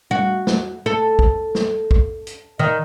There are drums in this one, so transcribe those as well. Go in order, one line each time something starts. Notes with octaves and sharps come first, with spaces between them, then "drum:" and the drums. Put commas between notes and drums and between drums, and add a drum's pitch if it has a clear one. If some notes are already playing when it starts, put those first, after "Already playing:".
F#4, drum: tom G3
drum: snare
A4
drum: kick
drum: snare
drum: kick
drum: hi-hat
D#3